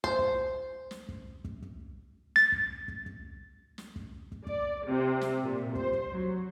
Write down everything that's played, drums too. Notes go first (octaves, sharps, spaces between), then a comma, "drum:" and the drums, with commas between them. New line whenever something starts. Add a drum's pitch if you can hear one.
C5, drum: kick
drum: kick
drum: snare
drum: kick
drum: kick
drum: kick
A6, drum: snare
drum: kick
drum: kick
drum: kick
drum: snare
drum: kick
drum: kick
D5, drum: kick
C3
drum: snare
A#2
C5, drum: kick
drum: kick
F#3